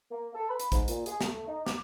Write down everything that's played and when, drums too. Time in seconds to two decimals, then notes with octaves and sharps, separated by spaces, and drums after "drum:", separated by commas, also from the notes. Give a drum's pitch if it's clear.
0.11 A#3
0.34 A4
0.50 B5
0.60 drum: hi-hat
0.72 G#2, drum: kick, hi-hat
0.88 A#2, drum: hi-hat
1.06 G#4, drum: hi-hat
1.21 A3, drum: snare
1.47 D#4
1.66 D6, drum: snare